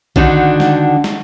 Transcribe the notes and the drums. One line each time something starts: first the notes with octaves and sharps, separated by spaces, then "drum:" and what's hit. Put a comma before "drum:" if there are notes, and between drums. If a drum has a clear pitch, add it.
D3 D#3 D4 D#4 F#4, drum: kick A#1
drum: snare
drum: snare